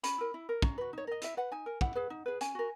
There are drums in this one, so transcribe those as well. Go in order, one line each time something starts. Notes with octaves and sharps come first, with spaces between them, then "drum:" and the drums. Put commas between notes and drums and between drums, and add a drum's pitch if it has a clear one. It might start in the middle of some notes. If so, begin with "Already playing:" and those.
C#4 B5, drum: hi-hat
E4 A#4
E4
A#4
C#4 A#5, drum: kick
F#4 B4
D#4 C#5
A#4 D#5
E4 E5, drum: hi-hat
B4 F#5
D#4 G#5
A#4
E4 F#5, drum: kick
G#4 B4
D#4
G#4 B4
C#4 G#5, drum: hi-hat
F#4 A#4